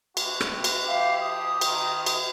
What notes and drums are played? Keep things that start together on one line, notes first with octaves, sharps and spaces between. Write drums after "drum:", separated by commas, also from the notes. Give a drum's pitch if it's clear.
G2 F#4 G4, drum: cymbal
drum: rim click
drum: cymbal
F3 G4 E5 F5
D#6
D#3, drum: cymbal
drum: cymbal